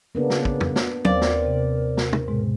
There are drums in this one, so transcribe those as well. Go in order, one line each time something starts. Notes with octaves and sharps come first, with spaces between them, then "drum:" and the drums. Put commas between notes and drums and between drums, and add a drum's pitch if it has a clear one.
C#3 A#3 B3 D4 A#4
drum: snare
drum: kick
drum: tom
drum: snare
D#2 C4 A#4 D5 F5, drum: tom
drum: snare
C3
drum: snare
drum: tom
G#2 B2 G#3